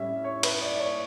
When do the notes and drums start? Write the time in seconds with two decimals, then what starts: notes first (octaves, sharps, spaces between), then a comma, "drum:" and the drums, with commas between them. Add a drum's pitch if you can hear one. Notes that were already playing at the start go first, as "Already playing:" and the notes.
Already playing: A2 G3 C#4 E4 E5
0.24 C#5
0.43 B4, drum: cymbal
0.62 D5
0.75 D5
0.80 C#5